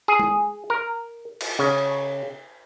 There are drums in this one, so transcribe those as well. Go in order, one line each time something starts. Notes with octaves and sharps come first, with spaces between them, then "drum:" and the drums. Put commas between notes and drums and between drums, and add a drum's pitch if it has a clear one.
G#4
drum: tom G#3
A#4
drum: cymbal
C#3